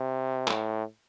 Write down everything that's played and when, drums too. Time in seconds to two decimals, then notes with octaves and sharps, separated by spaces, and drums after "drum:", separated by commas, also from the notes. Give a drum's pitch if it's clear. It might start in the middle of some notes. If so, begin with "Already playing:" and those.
Already playing: C3
0.48 A2, drum: clap